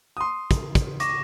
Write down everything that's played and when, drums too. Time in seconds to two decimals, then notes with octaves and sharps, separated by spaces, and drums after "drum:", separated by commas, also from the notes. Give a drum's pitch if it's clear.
0.17 C6 D#6
0.51 drum: kick, hi-hat
0.75 drum: kick, hi-hat
1.00 C#6 D6 A#6, drum: hi-hat